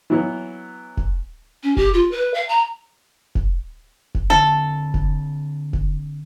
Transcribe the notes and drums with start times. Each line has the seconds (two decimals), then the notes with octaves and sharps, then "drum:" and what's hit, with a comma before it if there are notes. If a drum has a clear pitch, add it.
0.10 E3 F#3 B3
0.97 drum: kick F1
1.63 C#4
1.77 G4, drum: kick F1
1.94 F4
2.11 B4
2.34 F5
2.49 A#5
3.35 drum: kick F1
4.15 drum: kick F1
4.30 D3 C4 A4
4.94 drum: kick F1
5.73 drum: kick F1